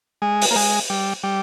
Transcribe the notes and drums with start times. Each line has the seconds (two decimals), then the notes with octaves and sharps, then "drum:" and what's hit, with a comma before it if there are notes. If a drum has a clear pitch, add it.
0.22 G#3
0.41 drum: open hi-hat
0.51 A#3
0.56 G#3
0.90 G3
1.23 G3